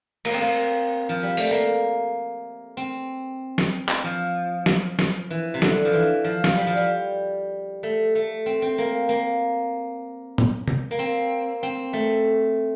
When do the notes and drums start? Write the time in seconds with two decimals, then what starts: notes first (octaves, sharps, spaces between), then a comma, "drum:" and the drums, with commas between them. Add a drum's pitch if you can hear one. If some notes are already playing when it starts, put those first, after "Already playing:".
0.25 A#3, drum: cymbal
0.34 C4
0.42 A#3
1.09 F3
1.23 G3
1.37 A3, drum: open hi-hat
1.51 A#3
2.77 C4
3.58 drum: snare
3.89 drum: clap
4.04 F3
4.66 drum: snare
4.99 drum: snare
5.30 E3
5.54 C3
5.62 D3, drum: snare
5.85 F3
5.93 E3
6.24 F3
6.44 drum: snare
6.57 G3
6.67 F3
6.77 G3
7.83 A3
8.15 A3
8.46 C4
8.62 C4
8.78 A#3
9.09 A#3
10.38 drum: tom
10.68 drum: tom
10.91 A#3
10.99 C4
11.63 C4
11.93 A3